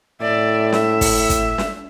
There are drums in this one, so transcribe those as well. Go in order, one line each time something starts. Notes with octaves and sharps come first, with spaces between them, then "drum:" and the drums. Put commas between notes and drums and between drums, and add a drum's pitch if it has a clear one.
A2 D5 E5
E5, drum: snare
drum: kick, open hi-hat
drum: kick, hi-hat
drum: snare